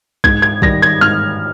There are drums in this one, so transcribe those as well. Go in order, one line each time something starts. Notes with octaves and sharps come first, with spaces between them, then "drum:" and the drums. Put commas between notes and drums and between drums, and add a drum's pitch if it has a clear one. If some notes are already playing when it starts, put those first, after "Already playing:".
G#2 G#6, drum: kick
G#6
D#3 G3 A#6, drum: kick
G#6
G#2 F6